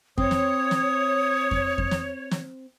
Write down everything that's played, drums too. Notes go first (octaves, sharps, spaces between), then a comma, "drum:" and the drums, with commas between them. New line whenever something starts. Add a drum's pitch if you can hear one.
C4 C#5 D#6, drum: kick F2
drum: snare
drum: snare
drum: kick F2
drum: kick F2
drum: snare
drum: snare